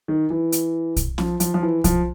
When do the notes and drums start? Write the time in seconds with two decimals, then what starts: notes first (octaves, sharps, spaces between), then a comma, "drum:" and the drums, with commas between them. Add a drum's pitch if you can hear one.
0.08 D#3
0.30 E3
0.52 drum: hi-hat
0.96 drum: kick, hi-hat
1.18 F3, drum: snare C#4
1.40 F3, drum: hi-hat
1.54 F3
1.62 E3
1.84 F3, drum: kick, hi-hat